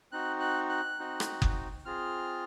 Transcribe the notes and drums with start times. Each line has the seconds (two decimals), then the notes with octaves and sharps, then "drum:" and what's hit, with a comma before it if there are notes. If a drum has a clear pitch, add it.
0.12 C4 D#4 F#4 F#6
0.40 F#6
0.69 F#6
0.99 C4 D#4 F#4
1.20 drum: rim click
1.42 drum: kick F#1
1.85 C4 F4 G#4 F6